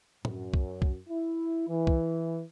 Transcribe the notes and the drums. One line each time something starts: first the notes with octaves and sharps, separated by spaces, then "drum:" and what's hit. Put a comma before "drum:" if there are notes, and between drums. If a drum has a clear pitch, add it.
F#2, drum: tom A2
drum: kick
drum: kick
E4
E3
drum: kick